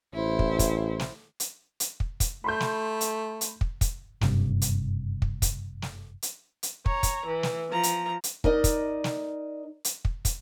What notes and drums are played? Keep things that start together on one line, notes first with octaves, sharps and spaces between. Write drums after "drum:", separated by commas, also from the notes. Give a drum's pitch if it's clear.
A1 E4 C5
drum: kick
drum: kick, hi-hat
drum: snare
drum: hi-hat
drum: hi-hat
drum: kick
drum: kick, hi-hat
A3 B5 C6 G6
drum: snare
drum: hi-hat
drum: hi-hat
drum: kick
drum: kick, hi-hat
F#1 G2 C3, drum: snare
drum: hi-hat
drum: kick
drum: kick, hi-hat
drum: snare
drum: hi-hat
drum: hi-hat
C#5 A#5, drum: kick
drum: kick, hi-hat
E3
drum: snare
F3 A#5
drum: hi-hat
drum: hi-hat
D#4 A#4 D5 D#5, drum: kick
drum: kick, hi-hat
drum: snare
drum: hi-hat
drum: kick
drum: kick, hi-hat